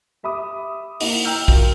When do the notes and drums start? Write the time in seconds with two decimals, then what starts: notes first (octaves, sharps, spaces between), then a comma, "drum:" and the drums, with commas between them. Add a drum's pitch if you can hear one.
0.23 G4 E5 B5 D6 D#6
1.00 A#3 D#4 E4 D#5, drum: open hi-hat
1.25 G5 A#5 E6 F6 G6
1.48 F4 F#4 A#4, drum: kick